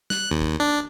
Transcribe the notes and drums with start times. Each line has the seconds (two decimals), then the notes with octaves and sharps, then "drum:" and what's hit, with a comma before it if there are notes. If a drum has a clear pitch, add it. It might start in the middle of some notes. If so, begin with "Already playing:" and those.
0.10 F#6, drum: snare
0.31 D#2
0.41 drum: kick
0.60 D4